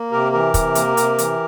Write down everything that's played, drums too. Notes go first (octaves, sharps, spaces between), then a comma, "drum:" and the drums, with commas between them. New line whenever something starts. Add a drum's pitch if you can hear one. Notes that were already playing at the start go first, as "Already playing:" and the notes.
Already playing: A#3
C3 G4 A#4
E3 G4 A#4
C3, drum: kick, hi-hat
A#3, drum: hi-hat
C3, drum: hi-hat
E3, drum: hi-hat